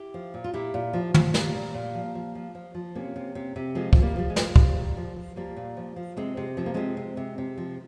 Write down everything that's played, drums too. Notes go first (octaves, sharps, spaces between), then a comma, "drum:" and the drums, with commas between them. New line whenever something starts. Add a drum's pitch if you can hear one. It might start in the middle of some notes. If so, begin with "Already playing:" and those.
Already playing: E4 G4
F3
A#2
F4
A#2 E4 G4
A#2
F3
F3, drum: tom
A#2 G3 A#3, drum: snare
A#2
A#2
F3
F3
F3
F3
F3
C3 A#3 C#4
C3
C3
C3
F3 G#3 C4
F3 C4, drum: kick
G3 A#3
F3 G3
G#3
F3, drum: snare
F3 G3, drum: kick
A#2
F3
F3
F3 G3 A#3
A#2
F3
F3
C3 G#3 C4
C3
F3 C4
A#3
C3 G#3 C4
C3
C3
C3
F3